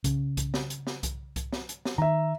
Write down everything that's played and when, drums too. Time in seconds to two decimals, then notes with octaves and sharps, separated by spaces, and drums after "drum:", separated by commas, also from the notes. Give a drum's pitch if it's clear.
0.04 C#3, drum: kick C2, hi-hat
0.37 drum: kick C2, hi-hat
0.54 drum: snare
0.70 drum: hi-hat
0.87 drum: snare
1.03 drum: kick C2, hi-hat
1.36 drum: kick C2, hi-hat
1.53 drum: snare
1.69 drum: hi-hat
1.85 drum: snare
1.98 D#3 E5 A#5